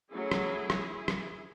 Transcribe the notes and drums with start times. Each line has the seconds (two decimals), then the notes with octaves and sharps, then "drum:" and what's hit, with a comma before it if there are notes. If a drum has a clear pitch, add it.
0.12 F#3 A3 C#4 E4 G#4
0.32 drum: rim click
0.70 drum: rim click
1.08 drum: rim click